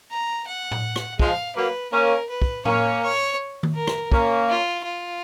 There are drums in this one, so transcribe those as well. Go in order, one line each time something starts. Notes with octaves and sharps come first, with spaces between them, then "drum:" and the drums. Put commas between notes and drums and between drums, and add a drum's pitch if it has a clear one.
A#5
F#5
drum: tom A2
drum: rim click
F3 G#3 F5, drum: kick
F#3 A#3 B4
A#3 C#4 A#4
B4
drum: kick
A#3 C#4 C#5, drum: tom A2
C#5
drum: tom D#3
A#4
drum: rim click
A#3 C#4, drum: kick
F4
F4